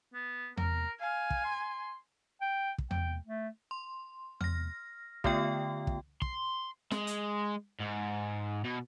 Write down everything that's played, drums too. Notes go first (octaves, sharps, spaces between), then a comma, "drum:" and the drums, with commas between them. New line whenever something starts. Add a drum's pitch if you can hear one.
B3
A#4, drum: tom E2
F5 G#5
drum: kick
C6
G5
drum: kick
G5, drum: tom E2
A3
C6
F6 A#6, drum: tom E2
D3 A3 B3 F4 G5, drum: kick
drum: kick
C6, drum: kick
G#3, drum: snare
drum: hi-hat
G#2
B2